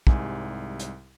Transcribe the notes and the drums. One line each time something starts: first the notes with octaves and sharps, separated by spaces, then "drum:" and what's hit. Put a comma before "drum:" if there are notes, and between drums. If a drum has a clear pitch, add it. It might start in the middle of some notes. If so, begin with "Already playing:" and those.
C2 G#2 G3 G#5, drum: kick
drum: hi-hat